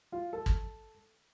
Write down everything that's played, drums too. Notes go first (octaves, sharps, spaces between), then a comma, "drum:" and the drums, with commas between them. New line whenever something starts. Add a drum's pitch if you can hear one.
F4
A4
drum: kick